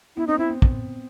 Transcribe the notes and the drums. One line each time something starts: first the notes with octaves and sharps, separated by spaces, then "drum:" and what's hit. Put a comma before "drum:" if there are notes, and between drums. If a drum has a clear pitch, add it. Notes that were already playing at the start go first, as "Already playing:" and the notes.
B3 E4
C4 D#4
C4 E4
B3
drum: kick